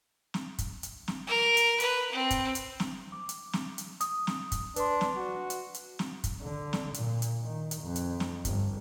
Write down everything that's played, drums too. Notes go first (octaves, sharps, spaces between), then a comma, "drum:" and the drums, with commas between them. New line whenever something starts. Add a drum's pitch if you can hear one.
drum: snare
drum: kick, hi-hat
drum: hi-hat
drum: snare
A#4
drum: hi-hat
B4, drum: hi-hat
C4
drum: kick, hi-hat
drum: hi-hat
drum: snare
D6
drum: hi-hat
drum: snare
drum: hi-hat
D#6, drum: hi-hat
drum: snare
drum: kick, hi-hat
D4 B4 C6, drum: hi-hat
drum: snare
F#4
drum: hi-hat
drum: hi-hat
drum: snare
drum: kick, hi-hat
D3
drum: snare
A#2, drum: hi-hat
drum: hi-hat
D#3
drum: hi-hat
F2
drum: hi-hat
drum: snare
G1, drum: kick, hi-hat